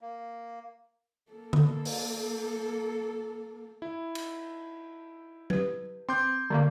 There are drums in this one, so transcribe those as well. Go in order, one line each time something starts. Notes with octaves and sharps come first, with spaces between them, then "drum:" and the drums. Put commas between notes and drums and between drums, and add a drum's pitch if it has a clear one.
A#3
A#3 A4
drum: tom D3
drum: open hi-hat
E4
drum: cymbal
G4 B4, drum: tom F#3
C4 C6 D6 G6
D3 G3 A3 A#3